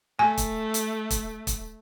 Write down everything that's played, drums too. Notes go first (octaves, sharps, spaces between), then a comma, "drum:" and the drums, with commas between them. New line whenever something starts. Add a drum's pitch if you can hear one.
A3 G#5
drum: kick, hi-hat
drum: hi-hat
drum: kick, hi-hat
drum: kick, hi-hat